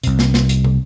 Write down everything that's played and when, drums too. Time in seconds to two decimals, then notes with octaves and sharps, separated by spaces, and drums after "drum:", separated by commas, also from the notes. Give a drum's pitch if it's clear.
0.04 C2 C3, drum: hi-hat
0.19 drum: snare
0.34 drum: snare
0.49 drum: hi-hat
0.65 drum: tom